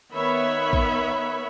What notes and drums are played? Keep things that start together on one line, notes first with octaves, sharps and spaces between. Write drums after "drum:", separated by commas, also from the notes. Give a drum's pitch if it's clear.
D#3 B3 B4 C#5 E5 B5
drum: kick